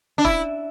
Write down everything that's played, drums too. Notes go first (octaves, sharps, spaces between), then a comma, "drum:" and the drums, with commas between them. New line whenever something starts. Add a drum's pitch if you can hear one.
D4
E4, drum: kick